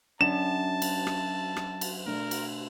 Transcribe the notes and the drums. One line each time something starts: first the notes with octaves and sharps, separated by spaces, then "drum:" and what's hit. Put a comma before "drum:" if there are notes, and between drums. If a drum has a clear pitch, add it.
F#2 D4 A5 E7
drum: cymbal
drum: rim click
drum: rim click
drum: cymbal
B2 A3 D4 A#4
drum: cymbal